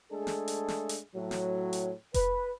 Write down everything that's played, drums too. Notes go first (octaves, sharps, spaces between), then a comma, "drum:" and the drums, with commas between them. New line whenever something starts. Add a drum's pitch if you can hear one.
G#3 A3 D4 G#4 A4
drum: snare
drum: hi-hat
drum: snare
drum: hi-hat
A2 F#3
drum: snare
drum: hi-hat
B4, drum: kick F1, hi-hat